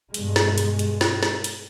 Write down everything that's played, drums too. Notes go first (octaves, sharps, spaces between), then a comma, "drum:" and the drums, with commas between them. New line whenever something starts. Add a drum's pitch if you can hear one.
G2 B2 G#3, drum: hi-hat
drum: snare
drum: hi-hat
drum: hi-hat
drum: snare
drum: snare
drum: hi-hat